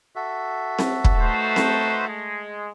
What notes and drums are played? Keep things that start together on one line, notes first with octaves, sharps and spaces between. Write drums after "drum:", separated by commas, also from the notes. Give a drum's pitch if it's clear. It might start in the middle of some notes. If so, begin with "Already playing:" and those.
F#4 A4 E5
drum: snare C4
drum: kick
A3 D#4 B4 C5
drum: snare C4
G#3